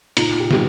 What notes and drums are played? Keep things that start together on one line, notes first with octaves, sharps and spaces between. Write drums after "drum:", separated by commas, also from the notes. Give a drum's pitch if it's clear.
A#2 D#4, drum: hi-hat
G4
G3 B3 G4, drum: snare